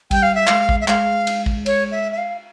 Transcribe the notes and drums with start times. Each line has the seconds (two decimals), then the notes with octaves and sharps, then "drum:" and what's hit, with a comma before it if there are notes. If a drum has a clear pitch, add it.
0.11 G3 G5, drum: kick, cymbal
0.23 F5
0.35 E5
0.47 G#3 F5, drum: clap
0.69 drum: kick
0.81 E5
0.88 G#3 F5, drum: clap
1.27 drum: cymbal
1.46 drum: kick
1.66 C#5, drum: cymbal
1.92 E5
2.12 E5
2.17 F5